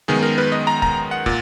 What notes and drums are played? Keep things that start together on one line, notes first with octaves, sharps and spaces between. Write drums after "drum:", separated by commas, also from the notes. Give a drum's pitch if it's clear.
F#2 D#3 G#3 B3 G#4, drum: snare G3
A#4
B4
D#5
A#5
A#5, drum: kick
F#5
A#2, drum: kick